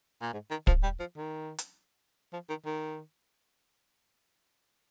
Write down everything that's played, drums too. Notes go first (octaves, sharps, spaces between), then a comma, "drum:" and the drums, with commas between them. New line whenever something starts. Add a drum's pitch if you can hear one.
A#2
G#2
D#3
F3, drum: kick
G3
F3
D#3
drum: hi-hat
F3
D#3
D#3